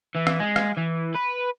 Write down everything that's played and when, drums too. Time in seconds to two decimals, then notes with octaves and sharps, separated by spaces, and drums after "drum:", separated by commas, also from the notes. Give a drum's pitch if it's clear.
0.15 E3
0.27 drum: rim click
0.40 G#3
0.56 drum: rim click
0.77 E3
1.15 B4